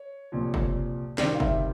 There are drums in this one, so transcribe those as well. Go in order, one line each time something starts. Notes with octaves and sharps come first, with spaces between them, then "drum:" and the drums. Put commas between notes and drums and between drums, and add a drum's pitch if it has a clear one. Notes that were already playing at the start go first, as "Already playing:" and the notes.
Already playing: C#5
C2 A#2 F3
drum: kick F#1
F2 C3 D#3 G3 C4 D5, drum: snare
F5
E5, drum: kick F#1